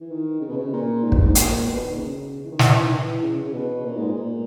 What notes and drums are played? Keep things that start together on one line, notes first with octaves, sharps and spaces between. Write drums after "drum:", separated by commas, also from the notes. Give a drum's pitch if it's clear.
E3
D#3
C#3
B2
C#3
A#2
G#2
G2, drum: kick
G#2
A#2, drum: hi-hat
B2
D#3
C#3
E3
D#3
E3, drum: snare
D#3
E3
C#3
C#3
B2
A#2
G#2
A#2